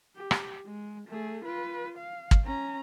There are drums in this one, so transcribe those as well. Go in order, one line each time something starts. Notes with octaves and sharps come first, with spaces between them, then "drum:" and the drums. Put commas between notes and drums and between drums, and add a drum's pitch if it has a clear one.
G4
drum: rim click
G#3
A3 G#4
F4 B4
F5
drum: kick
C#4 A#5